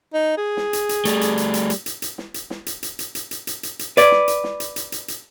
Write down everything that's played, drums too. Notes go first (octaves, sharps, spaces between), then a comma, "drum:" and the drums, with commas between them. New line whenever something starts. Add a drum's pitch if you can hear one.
D#4
G#4
drum: snare
drum: hi-hat
drum: hi-hat
G3 A3, drum: hi-hat
drum: hi-hat
drum: hi-hat
drum: hi-hat
drum: hi-hat
drum: hi-hat
drum: hi-hat
drum: snare
drum: hi-hat
drum: snare
drum: hi-hat
drum: hi-hat
drum: hi-hat
drum: hi-hat
drum: hi-hat
drum: hi-hat
drum: hi-hat
drum: hi-hat
B4 D5, drum: hi-hat
drum: snare
drum: hi-hat
drum: snare
drum: hi-hat
drum: hi-hat
drum: hi-hat
drum: hi-hat